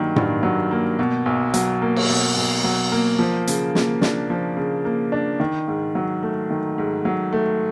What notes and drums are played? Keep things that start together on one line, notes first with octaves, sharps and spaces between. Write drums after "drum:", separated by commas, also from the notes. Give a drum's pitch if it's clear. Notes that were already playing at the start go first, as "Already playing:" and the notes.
Already playing: G2 D#3 F#3 A#3
G2, drum: tom A2
F#3
A#3
B2
B1
F#3, drum: hi-hat
A#3
drum: cymbal
B2
B1
F#3
A#3
F3
C#3, drum: hi-hat
A#3, drum: snare
D4, drum: snare
F3
C#3
A#3
D4
D#3
G#2
F#3
A3
D#3
G#2
F#3
A3